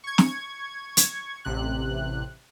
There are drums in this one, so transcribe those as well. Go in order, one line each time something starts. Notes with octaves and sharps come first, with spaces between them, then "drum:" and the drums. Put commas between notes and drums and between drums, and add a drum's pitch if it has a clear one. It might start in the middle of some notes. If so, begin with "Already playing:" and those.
C#6 G#6
drum: snare
drum: hi-hat
A1 C3 F#6